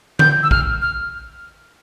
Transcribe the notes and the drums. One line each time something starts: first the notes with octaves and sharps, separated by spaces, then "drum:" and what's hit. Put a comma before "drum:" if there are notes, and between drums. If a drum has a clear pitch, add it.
G6, drum: tom D3
E6
F6, drum: kick A1
F6